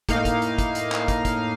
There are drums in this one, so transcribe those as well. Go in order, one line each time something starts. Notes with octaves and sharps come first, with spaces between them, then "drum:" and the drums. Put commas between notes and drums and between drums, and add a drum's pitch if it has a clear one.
A2 A#3 D#4 F5, drum: kick, hi-hat
drum: kick, hi-hat
drum: hi-hat
drum: kick, hi-hat
drum: hi-hat
drum: clap
drum: kick, hi-hat
drum: kick, hi-hat